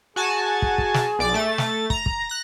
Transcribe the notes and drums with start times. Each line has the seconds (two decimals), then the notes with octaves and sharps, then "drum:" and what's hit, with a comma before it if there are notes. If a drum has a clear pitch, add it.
0.16 F#4 G#4 G#5 A5
0.62 drum: kick
0.78 drum: kick
0.94 drum: snare
1.19 B1 D5 D6
1.34 A3 A6
1.58 drum: snare
1.90 A#5, drum: kick
2.06 drum: kick
2.29 F#6 A#6